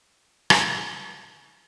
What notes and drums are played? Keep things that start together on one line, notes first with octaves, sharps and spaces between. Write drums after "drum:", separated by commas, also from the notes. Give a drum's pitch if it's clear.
G#2 F#3 F4
drum: rim click
C4 B4 F5